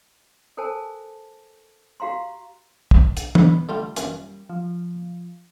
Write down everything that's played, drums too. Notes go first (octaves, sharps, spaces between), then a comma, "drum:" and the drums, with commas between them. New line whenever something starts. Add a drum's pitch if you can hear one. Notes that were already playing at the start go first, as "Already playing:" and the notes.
A4 A#4 C5 G#5 A5
F#4 G4 F5 A#5 C6
drum: kick
drum: hi-hat
B3, drum: tom E3
D3 G3 A3 F4
F#2 A#2 C#6, drum: hi-hat
F3